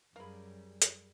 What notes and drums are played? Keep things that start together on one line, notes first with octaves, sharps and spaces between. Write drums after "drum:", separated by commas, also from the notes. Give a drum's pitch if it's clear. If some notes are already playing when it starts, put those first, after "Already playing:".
F#2 G3 G#4 A#4 F5 B5
drum: hi-hat